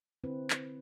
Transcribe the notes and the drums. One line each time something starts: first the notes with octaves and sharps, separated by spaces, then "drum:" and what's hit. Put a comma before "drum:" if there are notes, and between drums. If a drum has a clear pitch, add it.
D3 C4 E4 B4
drum: clap